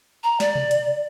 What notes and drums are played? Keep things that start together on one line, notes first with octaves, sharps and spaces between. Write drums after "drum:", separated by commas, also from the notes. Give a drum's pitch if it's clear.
A#5
D5, drum: snare
drum: tom B2
drum: hi-hat